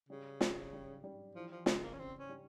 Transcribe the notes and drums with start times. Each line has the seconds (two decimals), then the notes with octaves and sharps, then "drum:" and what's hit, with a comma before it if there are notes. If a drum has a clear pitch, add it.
0.09 C#3 G3
0.41 G3, drum: snare
0.73 G3
1.04 G3
1.35 E3 F3
1.51 F3
1.66 C#3 G#3, drum: snare
1.83 A#3
1.93 C#4
1.98 C#3 C4
2.19 C#4
2.29 G3